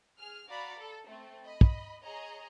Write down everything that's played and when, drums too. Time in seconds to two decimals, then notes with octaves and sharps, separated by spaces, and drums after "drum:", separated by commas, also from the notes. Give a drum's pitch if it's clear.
0.19 G#4 F6
0.48 F#4 D5 F5 A#5 B5
0.79 A4
1.08 A3 C4
1.44 D#5 B5
1.61 drum: kick
2.04 G#4 C#5 D#5 A#5